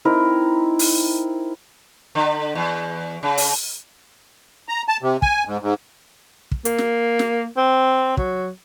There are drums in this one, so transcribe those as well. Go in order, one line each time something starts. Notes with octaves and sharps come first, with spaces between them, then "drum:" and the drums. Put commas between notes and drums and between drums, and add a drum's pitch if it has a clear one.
C4 D#4 E4 A#4
drum: open hi-hat
D3
E2
C#3
drum: open hi-hat
A#5
A5
C3
G#5, drum: kick
G#2
G#2
drum: kick
A#3, drum: hi-hat
drum: snare
drum: snare
C4
F#3, drum: kick